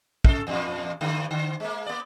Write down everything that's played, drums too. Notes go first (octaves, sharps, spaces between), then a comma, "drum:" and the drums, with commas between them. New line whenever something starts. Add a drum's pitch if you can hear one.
C3 A4, drum: kick
E2 G2 A#2
G2 D3 A3
D3
G#3 A#3
A#3 D5